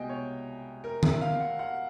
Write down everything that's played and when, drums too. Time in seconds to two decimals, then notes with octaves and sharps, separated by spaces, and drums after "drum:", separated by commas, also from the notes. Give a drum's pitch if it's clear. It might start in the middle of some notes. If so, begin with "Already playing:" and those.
Already playing: C2 B2 G#3 B3 D#5 G5 G#5
0.09 C#5
0.84 A#4
1.03 E5, drum: tom D#3
1.21 F5
1.40 F#5
1.59 F#5